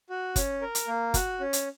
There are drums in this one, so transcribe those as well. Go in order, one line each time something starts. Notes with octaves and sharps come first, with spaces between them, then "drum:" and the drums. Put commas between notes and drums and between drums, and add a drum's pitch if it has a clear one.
F#4
C#4, drum: kick, hi-hat
A#4
drum: hi-hat
A#3
F#4, drum: kick, hi-hat
C#4
drum: hi-hat